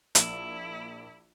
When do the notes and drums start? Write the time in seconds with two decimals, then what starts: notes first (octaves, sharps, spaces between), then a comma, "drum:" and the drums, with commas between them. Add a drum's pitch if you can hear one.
0.15 A#1 A#3 E4, drum: hi-hat